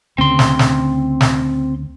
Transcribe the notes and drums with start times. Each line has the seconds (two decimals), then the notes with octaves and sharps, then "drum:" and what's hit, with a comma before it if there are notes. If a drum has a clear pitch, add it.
0.18 D2 C#3 C4 C6
0.39 drum: snare
0.59 drum: snare
1.21 drum: snare